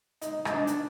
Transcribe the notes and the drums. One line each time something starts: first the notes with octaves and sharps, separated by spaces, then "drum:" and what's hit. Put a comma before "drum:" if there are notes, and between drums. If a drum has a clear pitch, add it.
D#4, drum: hi-hat
D#4, drum: rim click
D4
drum: hi-hat